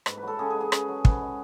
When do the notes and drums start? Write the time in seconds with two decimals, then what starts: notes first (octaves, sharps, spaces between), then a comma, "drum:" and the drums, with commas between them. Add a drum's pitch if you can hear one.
0.06 G#2 B4, drum: rim click
0.18 F#3 B4
0.27 A4
0.39 C#3 G#4
0.50 G#3 G#4
0.61 G#4
0.72 C#3, drum: rim click
0.88 F#3
1.05 G#2 B4, drum: kick
1.22 G#3